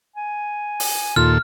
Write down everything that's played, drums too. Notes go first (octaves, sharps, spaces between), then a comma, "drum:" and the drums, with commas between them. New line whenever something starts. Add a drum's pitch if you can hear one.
G#5
drum: open hi-hat
D#2 A#2 F4 A4 F6